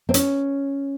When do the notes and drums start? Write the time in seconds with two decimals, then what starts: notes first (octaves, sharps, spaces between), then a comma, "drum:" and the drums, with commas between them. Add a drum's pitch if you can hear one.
0.09 C4
0.14 C#4, drum: hi-hat